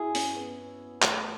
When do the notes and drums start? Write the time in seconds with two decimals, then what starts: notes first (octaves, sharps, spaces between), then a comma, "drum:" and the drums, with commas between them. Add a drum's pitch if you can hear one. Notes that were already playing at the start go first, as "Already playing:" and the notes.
Already playing: E4 F#4 G#4
0.15 C#4, drum: open hi-hat
0.36 B3
1.02 A3, drum: clap